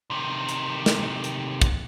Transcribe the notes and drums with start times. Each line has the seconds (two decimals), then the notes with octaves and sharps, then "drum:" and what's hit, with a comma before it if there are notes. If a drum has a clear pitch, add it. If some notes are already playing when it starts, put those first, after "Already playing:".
0.11 C3 D#3
0.49 drum: hi-hat
0.86 drum: snare
1.24 drum: hi-hat
1.62 drum: kick, hi-hat